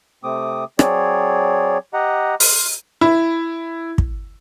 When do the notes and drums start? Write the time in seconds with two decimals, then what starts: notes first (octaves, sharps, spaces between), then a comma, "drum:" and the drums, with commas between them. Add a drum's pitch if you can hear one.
0.24 C3 A3 C4 D6 D#6
0.79 F#3 C4 G#4 C#5 D5, drum: rim click
1.94 G4 D#5 F#5 A#5
2.40 C6 F6, drum: open hi-hat
3.01 E4
3.98 drum: kick